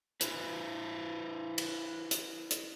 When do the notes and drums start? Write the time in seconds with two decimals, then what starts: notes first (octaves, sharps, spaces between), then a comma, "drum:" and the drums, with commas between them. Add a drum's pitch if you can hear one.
0.21 E4 B4 C5, drum: hi-hat
1.58 drum: cymbal
2.11 drum: hi-hat
2.51 drum: hi-hat